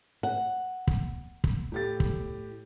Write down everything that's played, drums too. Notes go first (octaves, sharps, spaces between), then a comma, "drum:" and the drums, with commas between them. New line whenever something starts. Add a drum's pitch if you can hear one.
F#5
drum: kick
drum: kick
A2 G4 A6
drum: kick